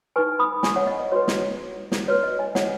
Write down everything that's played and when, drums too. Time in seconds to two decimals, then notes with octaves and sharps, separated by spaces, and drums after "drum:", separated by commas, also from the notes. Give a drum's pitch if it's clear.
0.16 D#4 B4 G#5 C#6
0.39 B5 D#6
0.63 G#5 C#6, drum: snare
0.76 C#5 F#5
0.87 D#5
0.99 D#5
1.12 F#4 B4 C#5
1.28 drum: snare
1.92 drum: snare
2.08 F#4 B4 C#5
2.23 D#5
2.39 D#5 G#5
2.55 C#5 F#5, drum: snare